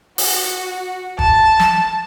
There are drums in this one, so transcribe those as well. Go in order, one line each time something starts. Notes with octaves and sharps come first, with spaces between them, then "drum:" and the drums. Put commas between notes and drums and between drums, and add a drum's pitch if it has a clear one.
F#4, drum: open hi-hat
A5, drum: kick
drum: snare